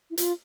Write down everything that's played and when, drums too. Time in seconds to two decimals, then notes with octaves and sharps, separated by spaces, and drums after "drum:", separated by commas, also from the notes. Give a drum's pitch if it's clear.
0.10 E4
0.18 F4, drum: hi-hat